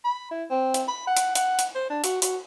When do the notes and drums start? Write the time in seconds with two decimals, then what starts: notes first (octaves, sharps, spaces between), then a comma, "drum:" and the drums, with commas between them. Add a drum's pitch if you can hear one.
0.05 B5
0.31 E4
0.50 C4
0.74 drum: hi-hat
0.88 B5
1.07 F#5
1.17 drum: hi-hat
1.35 F#5, drum: hi-hat
1.59 drum: hi-hat
1.75 C5
1.90 D4
2.04 F#4, drum: hi-hat
2.22 F#4, drum: hi-hat